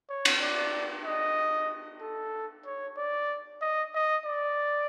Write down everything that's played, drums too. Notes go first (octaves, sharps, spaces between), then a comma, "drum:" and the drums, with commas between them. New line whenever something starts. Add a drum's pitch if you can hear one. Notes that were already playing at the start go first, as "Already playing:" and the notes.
C#5
drum: cymbal
D5
D#5
A4
C#5
D5
D#5
D#5
D5